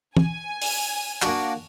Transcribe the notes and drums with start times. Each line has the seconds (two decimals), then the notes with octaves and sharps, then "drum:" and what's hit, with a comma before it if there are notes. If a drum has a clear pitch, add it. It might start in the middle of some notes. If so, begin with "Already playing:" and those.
0.17 G#5, drum: tom
0.62 drum: open hi-hat
1.22 A#3 D4 F#4, drum: clap